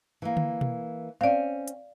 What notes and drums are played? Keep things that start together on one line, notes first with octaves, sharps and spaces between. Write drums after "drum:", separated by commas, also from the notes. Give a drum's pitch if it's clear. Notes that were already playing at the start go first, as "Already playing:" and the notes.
E3 A#3
drum: tom D3
drum: tom B2
C4 C#4 D5 F5
drum: hi-hat